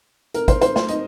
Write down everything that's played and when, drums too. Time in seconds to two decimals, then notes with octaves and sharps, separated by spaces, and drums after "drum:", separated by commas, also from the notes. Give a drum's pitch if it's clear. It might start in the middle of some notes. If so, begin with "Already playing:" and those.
0.34 A#4, drum: hi-hat
0.48 C5, drum: kick, hi-hat
0.61 C5, drum: hi-hat
0.76 C5, drum: snare
0.89 D#4 D#5, drum: hi-hat